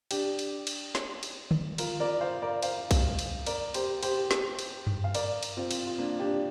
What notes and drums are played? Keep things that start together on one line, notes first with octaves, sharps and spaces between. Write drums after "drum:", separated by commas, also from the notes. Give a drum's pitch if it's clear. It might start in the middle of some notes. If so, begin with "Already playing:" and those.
D4 G4, drum: cymbal
drum: cymbal
drum: cymbal
drum: snare
drum: cymbal
drum: tom
F4 A#4, drum: cymbal
A#4 D5
C5 F5
A#4 D5
C5 F5, drum: cymbal
drum: kick B1, cymbal
drum: cymbal
A#4 D5, drum: cymbal
G4 C5, drum: cymbal
G4 C5, drum: cymbal
drum: snare
drum: cymbal
drum: tom F#2
F5
A#4 D5, drum: cymbal
drum: cymbal
C4 F4
drum: cymbal
F4
A#3 D4
D4 G4